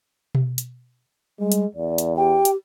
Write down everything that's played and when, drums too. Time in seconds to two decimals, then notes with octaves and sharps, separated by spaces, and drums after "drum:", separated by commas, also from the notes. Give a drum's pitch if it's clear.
0.35 drum: tom B2
0.58 drum: hi-hat
1.39 G3 G#3
1.52 drum: hi-hat
1.75 E2 D5
1.98 drum: hi-hat
2.17 G4 G5
2.45 drum: hi-hat